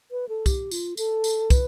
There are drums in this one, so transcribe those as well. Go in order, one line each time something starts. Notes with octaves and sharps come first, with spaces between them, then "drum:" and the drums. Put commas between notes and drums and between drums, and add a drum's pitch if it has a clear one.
B4
A4
G4, drum: kick, tambourine
F4, drum: tambourine
A4, drum: tambourine
drum: tambourine
B4, drum: kick, tambourine